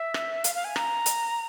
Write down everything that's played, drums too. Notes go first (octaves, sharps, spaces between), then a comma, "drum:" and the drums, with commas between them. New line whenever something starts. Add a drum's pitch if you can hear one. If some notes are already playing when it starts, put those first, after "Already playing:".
Already playing: E5
drum: rim click
F5, drum: hi-hat
F5
G#5
A#5, drum: rim click
drum: hi-hat